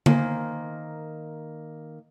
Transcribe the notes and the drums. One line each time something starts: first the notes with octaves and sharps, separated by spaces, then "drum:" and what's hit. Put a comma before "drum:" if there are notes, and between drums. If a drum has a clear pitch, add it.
D#3 A#3 C5 G#5, drum: tom D3